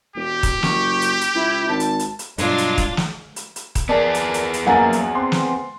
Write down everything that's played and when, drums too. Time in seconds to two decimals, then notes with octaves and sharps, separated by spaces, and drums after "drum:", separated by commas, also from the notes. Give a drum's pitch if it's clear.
0.16 E1 G4
0.43 drum: kick D#1, hi-hat
0.63 F#1 C#6, drum: snare
1.02 drum: hi-hat
1.21 drum: hi-hat
1.34 C#2 E4
1.68 G#1 A5
1.80 drum: hi-hat
1.99 drum: hi-hat
2.19 drum: hi-hat
2.38 G2 B2 F#3 G#3 D4 F4 A6, drum: hi-hat
2.58 drum: hi-hat
2.78 drum: kick D#1, hi-hat
2.97 drum: snare
3.36 drum: hi-hat
3.56 drum: hi-hat
3.75 drum: kick D#1, hi-hat
3.89 B3 G#4 A#4 D5 A5
4.14 drum: hi-hat
4.34 drum: hi-hat
4.54 drum: hi-hat
4.67 F#2 A#3 F#5 G#5 A#5 A6
4.93 drum: hi-hat
5.15 C4 C6
5.32 drum: snare